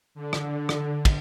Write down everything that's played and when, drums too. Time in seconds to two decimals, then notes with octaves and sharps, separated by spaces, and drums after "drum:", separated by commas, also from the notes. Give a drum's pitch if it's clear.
0.15 D3
0.33 drum: rim click
0.69 drum: rim click
1.05 drum: kick, cymbal